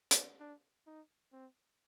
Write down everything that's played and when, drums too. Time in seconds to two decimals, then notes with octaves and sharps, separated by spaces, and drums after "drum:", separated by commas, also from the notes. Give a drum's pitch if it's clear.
0.11 drum: hi-hat
0.40 D4
0.87 D#4
1.33 C4